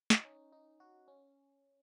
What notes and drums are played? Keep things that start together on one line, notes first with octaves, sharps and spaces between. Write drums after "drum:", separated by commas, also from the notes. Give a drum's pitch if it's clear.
D#4, drum: snare
C#4
D#4
F#4
C#4